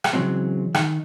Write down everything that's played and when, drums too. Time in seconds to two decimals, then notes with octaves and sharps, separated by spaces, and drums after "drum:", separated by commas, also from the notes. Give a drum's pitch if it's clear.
0.04 drum: rim click
0.13 C#3 E3 F#3 G#3 C4
0.74 D#3, drum: rim click